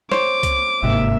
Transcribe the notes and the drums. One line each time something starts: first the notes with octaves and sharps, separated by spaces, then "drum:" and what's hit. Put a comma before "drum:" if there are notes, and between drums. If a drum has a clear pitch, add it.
C5 C#5 D6, drum: snare
drum: kick C#2, hi-hat
G1 G#2 C3 A#3 E5